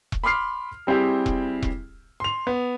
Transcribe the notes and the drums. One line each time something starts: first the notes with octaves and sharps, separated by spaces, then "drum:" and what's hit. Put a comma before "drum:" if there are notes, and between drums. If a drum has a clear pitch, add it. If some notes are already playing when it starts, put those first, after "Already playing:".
drum: kick E1
B5 C6 D6 F6 C7
G3 C4 E4 G4 G#4
drum: kick E1
drum: kick E1
C6 F7
B3